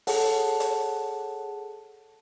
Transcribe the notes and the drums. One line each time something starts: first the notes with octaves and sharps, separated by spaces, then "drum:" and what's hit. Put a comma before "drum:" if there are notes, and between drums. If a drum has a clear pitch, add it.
G#4 A4 C#5 F#5 A5, drum: open hi-hat
drum: hi-hat